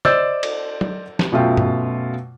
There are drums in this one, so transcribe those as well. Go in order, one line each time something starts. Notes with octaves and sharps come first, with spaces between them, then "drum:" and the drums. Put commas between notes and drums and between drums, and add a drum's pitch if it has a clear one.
C5 D5 D#5 E6 G6 A6, drum: tom
drum: cymbal
drum: tom
drum: snare
F#2 B2 A3 F4 G5
drum: tom